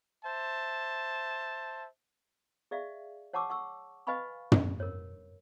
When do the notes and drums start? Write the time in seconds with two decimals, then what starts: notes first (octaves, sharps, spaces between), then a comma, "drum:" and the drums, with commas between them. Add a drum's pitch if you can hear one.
0.24 C5 E5 A5
2.71 G#4 D5 E5 F5
3.33 C#5 F#5 A5 C#6 D6 E6
3.50 F#5 C#6 E6
4.07 B4 D#5 F5 G#5 B5 C#6
4.52 drum: tom
4.80 A#4 C#5